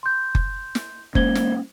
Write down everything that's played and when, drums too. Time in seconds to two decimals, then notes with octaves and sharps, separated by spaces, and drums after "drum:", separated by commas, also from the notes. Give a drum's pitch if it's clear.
0.03 C6 G6
0.35 drum: kick F#1
0.75 drum: snare
1.15 G#3 A#3 C#4 C5 G#6 G7, drum: kick F#1
1.35 drum: snare